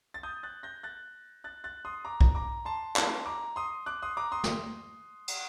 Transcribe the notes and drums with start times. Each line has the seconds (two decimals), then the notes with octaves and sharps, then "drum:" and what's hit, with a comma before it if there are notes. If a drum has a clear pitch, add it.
0.14 A6
0.23 D#6 G6
0.43 F#6 A6
0.63 G6 A#6
0.83 F#6 A6
1.44 F#6 A6
1.64 F#6 A6
1.85 C6 D#6
2.05 A#5 D6
2.21 drum: kick B1
2.35 A#5 D6
2.65 A5 C6
2.96 A5 C6, drum: clap
3.26 A#5 D6
3.56 C6 D#6
3.86 D6 F#6
4.02 C6 D#6
4.17 A#5 D6
4.32 C6 D#6
4.44 drum: snare
5.28 drum: cymbal